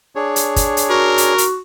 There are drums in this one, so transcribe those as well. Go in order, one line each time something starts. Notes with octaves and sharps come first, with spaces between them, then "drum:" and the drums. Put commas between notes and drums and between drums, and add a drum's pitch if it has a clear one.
D4 G#4 C#5
drum: hi-hat
drum: kick, hi-hat
drum: hi-hat
F#4 A#4
drum: hi-hat
drum: hi-hat